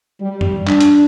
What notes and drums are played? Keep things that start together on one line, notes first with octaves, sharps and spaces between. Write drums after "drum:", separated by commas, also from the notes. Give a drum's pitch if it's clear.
G3
drum: tom
D4, drum: clap
drum: hi-hat